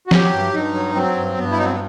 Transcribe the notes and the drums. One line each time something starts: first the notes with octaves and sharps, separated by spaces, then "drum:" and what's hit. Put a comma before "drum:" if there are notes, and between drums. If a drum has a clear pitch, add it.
F#4
F#3 G4, drum: snare F3
G2
G2 D#4
F#3
F#3 C4
G2
G2 B3
E4
F#3 D#4
C4
B3